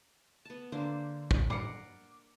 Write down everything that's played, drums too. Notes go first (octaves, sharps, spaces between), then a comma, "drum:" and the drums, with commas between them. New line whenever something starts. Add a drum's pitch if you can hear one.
B3 A5
D3 A#3 D4 C5
drum: kick
A#4 F#5 D6 C7 C#7, drum: tom G2